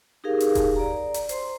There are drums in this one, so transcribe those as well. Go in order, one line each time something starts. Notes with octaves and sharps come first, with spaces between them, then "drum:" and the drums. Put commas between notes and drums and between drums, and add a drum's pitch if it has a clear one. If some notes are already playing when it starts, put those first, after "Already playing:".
D#4 G4 G#4 A#4 F5
drum: hi-hat
drum: kick E1, hi-hat
D5 A#5
drum: hi-hat
C5 C6, drum: hi-hat